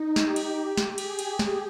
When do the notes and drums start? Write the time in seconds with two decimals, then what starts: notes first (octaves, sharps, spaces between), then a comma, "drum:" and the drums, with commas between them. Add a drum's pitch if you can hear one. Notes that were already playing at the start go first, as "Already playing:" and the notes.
Already playing: D#4
0.16 G4, drum: snare
0.36 drum: cymbal
0.77 drum: snare
0.98 G#4, drum: cymbal
1.19 drum: cymbal
1.39 drum: snare